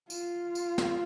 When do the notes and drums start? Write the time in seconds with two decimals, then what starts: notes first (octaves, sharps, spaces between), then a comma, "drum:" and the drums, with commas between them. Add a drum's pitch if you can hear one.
0.10 F4, drum: tambourine
0.55 drum: tambourine
0.78 drum: snare